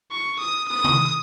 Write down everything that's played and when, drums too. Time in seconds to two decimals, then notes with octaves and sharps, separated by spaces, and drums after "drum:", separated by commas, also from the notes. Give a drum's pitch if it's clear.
0.11 C#6
0.40 D#6
0.69 D#6
0.84 drum: tom C3